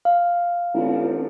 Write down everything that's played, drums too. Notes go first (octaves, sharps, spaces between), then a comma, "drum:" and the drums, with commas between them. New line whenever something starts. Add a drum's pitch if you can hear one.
F5
drum: cymbal